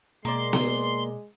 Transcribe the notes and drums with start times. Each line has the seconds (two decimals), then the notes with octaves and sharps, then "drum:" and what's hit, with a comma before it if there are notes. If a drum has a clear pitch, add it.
0.25 B2 G#3 A#3 D5 C6
0.53 drum: snare B3